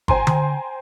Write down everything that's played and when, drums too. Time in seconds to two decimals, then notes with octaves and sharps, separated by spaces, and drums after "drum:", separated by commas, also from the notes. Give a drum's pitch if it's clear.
0.08 C5 G5 G#5 A#5 C6, drum: kick G1
0.27 drum: tom D3